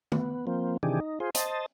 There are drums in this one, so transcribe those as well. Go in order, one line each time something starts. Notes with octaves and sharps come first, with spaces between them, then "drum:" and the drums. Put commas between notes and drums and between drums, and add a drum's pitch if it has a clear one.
B3, drum: tom
F3 A#3 C4
C3 D#3 E3 D4 G4 G#4
D#4
F4 G#4 C5
C5 D#5 A5, drum: hi-hat